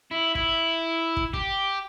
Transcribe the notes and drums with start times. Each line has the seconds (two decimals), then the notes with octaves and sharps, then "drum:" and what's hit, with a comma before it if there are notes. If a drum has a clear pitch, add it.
0.11 E4
0.35 E4, drum: kick
1.17 drum: kick
1.34 G4, drum: kick